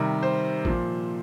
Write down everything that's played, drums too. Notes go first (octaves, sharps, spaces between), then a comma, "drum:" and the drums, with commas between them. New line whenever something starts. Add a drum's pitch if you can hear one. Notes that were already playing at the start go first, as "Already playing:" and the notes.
Already playing: C3 D#3 G3 A#4
C5
A#2 F3, drum: kick A1